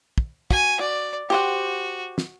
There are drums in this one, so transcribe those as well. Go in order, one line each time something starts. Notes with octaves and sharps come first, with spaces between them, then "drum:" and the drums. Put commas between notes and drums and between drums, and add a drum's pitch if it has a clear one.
drum: kick
F#4 G#5, drum: kick
F#4 D5
F#4 G4 C5 F#5
drum: snare